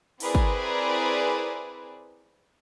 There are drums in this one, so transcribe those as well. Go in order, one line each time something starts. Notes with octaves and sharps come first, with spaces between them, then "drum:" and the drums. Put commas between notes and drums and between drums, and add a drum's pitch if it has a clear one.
C4 E4 G#4 A#4 B4 D5, drum: open hi-hat
drum: kick